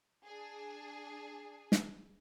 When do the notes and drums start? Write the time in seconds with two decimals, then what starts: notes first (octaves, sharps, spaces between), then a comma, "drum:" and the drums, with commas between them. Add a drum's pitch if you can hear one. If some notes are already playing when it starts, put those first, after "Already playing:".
0.25 D4 G#4
1.72 drum: snare